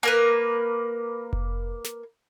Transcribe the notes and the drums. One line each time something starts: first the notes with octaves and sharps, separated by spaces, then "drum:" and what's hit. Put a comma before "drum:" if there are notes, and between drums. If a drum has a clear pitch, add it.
A#3 A#4 B4
drum: kick F1
drum: snare